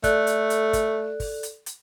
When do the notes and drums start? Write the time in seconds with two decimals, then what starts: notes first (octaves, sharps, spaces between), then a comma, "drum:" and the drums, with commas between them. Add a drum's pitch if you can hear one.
0.04 A3 A4 D5 F#6, drum: kick, hi-hat
0.27 drum: hi-hat
0.50 drum: hi-hat
0.73 drum: kick, hi-hat
1.20 drum: kick, open hi-hat
1.43 drum: hi-hat
1.66 drum: hi-hat